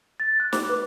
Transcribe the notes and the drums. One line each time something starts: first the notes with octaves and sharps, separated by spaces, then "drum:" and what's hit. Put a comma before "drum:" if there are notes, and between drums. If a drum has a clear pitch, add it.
A6
F#6
D6, drum: snare
B4